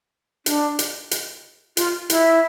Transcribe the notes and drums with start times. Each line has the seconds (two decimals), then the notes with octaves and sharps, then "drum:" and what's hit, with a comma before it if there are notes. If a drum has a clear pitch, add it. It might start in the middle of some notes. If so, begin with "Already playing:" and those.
0.46 D4, drum: hi-hat
0.79 drum: hi-hat
1.11 drum: hi-hat
1.77 F4, drum: hi-hat
2.10 E4, drum: hi-hat